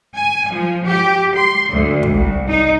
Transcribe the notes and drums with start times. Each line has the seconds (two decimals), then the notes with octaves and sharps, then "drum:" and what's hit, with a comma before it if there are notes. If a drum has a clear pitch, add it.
0.15 G#5
0.53 F3
0.86 G4
1.36 C6
1.72 D2
2.03 drum: kick
2.14 C2
2.47 D#4